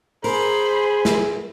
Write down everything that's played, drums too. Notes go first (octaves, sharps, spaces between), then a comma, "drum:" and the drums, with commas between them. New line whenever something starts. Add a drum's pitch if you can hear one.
G#4 A#4 C5 B5, drum: open hi-hat
drum: snare